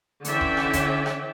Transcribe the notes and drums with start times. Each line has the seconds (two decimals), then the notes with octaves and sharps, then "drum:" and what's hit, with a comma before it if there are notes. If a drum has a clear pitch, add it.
0.24 D3 E3 C#4 D5 E5 G5, drum: hi-hat
0.41 drum: kick
0.57 drum: rim click
0.73 drum: kick, hi-hat
1.06 drum: rim click